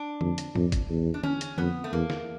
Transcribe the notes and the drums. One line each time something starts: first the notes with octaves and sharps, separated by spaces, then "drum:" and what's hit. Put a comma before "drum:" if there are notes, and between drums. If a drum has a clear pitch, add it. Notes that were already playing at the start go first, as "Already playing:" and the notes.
Already playing: D4
F2, drum: tom D3
drum: hi-hat
F2, drum: tom G#2
drum: kick G1, hi-hat
E2
D4
C#4, drum: tom D3
drum: hi-hat
F2 B3, drum: tom D3
A3
E2 A#3
drum: snare